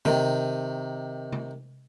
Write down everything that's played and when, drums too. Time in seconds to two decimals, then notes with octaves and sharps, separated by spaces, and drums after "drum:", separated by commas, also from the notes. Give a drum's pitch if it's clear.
0.05 C3 D#3, drum: tom C3
1.32 drum: tom C3